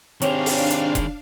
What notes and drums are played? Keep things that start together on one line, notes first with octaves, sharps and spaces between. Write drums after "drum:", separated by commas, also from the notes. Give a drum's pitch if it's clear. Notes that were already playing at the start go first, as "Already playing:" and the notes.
D#3 C4 D4 G4 G#4 C#5 F5 F7, drum: hi-hat
drum: open hi-hat
drum: hi-hat
drum: kick F1, hi-hat